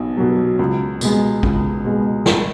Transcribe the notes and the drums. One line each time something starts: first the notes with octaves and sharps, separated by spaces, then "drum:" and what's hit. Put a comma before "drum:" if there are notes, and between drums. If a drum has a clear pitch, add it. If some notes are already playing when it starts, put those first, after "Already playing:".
Already playing: B1 B2
B2 F#3
C#2
B2 G#3, drum: tambourine
C#2, drum: kick
B2 G#3
G#1, drum: snare